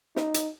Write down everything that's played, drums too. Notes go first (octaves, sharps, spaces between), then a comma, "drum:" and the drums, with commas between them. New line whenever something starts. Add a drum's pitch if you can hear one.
D#4, drum: snare
drum: hi-hat